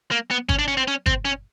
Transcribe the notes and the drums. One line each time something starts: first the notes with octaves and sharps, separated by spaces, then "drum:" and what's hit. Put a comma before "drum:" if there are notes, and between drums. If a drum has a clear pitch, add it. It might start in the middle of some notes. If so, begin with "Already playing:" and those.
A#3
B3
C#4, drum: kick G1
D4
C#4
C4
C#4
C4, drum: kick G1
C#4